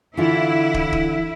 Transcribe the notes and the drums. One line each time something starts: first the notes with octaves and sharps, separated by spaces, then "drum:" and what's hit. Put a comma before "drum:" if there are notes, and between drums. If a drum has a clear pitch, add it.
D3 E3 E4 F4
drum: kick
drum: kick